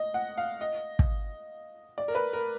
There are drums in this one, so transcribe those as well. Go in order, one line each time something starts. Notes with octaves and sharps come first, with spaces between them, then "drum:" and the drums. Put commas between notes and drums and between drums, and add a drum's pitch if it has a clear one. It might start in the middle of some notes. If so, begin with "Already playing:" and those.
Already playing: D#5
F#5
F5
D#5
drum: kick
D5
A#4
B4
A#4